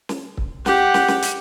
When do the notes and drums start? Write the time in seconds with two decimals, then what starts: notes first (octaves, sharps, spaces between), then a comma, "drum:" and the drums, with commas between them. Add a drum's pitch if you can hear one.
0.09 drum: snare
0.37 drum: kick
0.66 G4 F#5, drum: snare
0.94 drum: snare
1.08 drum: snare
1.23 drum: hi-hat